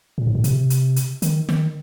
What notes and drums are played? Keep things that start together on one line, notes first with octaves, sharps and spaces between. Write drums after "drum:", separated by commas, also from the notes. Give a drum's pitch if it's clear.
A#2
G#2
A#2
C3, drum: hi-hat
drum: hi-hat
drum: hi-hat
D#3, drum: hi-hat
D#3, drum: snare